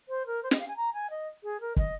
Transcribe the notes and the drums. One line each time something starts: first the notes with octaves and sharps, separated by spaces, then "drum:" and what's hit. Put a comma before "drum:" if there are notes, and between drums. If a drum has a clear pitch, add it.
C5
A#4
C5
D#5, drum: snare
F5
G#5
A#5
G#5
D#5
G#4
A#4
D#5, drum: kick